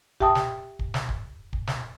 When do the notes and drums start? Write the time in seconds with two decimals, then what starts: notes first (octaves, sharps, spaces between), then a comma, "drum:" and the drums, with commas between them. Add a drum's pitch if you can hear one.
0.21 G4 E5 G5 A5 D#6, drum: kick
0.35 drum: snare
0.79 drum: kick
0.94 drum: snare
1.09 drum: kick
1.53 drum: kick
1.67 drum: snare